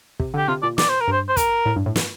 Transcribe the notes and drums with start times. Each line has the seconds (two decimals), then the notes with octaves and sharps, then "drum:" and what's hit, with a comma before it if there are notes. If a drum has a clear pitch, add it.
0.20 C3, drum: kick
0.34 D3
0.37 G4
0.48 C3 F4
0.63 A#2 D5
0.78 D5, drum: snare
0.89 C5
1.01 A#4
1.08 G2 C5
1.29 C5
1.37 A#4, drum: kick, hi-hat
1.66 A2
1.76 G2
1.86 A2
1.96 drum: snare